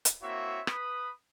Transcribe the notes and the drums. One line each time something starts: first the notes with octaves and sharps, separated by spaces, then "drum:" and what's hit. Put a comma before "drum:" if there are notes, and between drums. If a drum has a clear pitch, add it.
drum: hi-hat
A#3 C4 E4 F#4 C#5 E5
B4 B5 D#6, drum: rim click